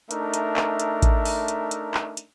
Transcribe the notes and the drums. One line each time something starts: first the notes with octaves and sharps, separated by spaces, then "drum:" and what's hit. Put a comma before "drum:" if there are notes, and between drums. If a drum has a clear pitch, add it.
A3 D4 D#4 A#4 E5, drum: hi-hat
drum: hi-hat
drum: clap
drum: hi-hat
drum: kick A1, hi-hat
drum: open hi-hat
drum: hi-hat
drum: hi-hat
drum: clap
drum: hi-hat